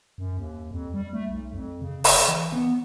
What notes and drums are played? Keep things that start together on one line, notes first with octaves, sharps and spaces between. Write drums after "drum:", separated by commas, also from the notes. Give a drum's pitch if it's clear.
F#2
D#2
F2
G3
A3
B1
F2
C#3
F#1, drum: open hi-hat
E3
B3